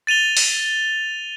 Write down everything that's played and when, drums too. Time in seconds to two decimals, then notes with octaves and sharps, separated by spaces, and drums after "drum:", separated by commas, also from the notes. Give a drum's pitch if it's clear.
0.07 A6 D#7 F7 G7
0.37 drum: open hi-hat